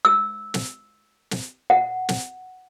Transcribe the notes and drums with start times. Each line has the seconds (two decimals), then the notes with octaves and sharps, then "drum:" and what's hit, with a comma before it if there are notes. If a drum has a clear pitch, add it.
0.05 E6
0.54 drum: snare
1.31 drum: snare
1.70 F#5
2.09 drum: snare